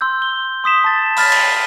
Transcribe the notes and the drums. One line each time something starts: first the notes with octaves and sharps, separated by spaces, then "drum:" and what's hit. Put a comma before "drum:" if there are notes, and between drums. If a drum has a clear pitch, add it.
C6 E6 G6
G7
C6 D#6 B6 E7
A5 A6
B5 F6 A6 B6, drum: open hi-hat
drum: cymbal